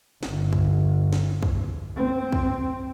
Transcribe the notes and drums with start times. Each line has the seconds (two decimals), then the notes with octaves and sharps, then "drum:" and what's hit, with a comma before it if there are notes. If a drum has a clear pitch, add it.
0.23 G1, drum: snare
0.53 drum: kick
1.13 drum: snare
1.43 drum: kick
1.97 C4
2.32 drum: kick